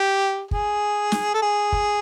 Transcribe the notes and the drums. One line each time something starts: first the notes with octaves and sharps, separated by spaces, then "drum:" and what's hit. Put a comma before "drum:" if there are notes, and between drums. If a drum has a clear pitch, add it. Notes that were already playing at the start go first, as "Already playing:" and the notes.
Already playing: G4
G#4, drum: kick
drum: snare
A4
G#4
drum: kick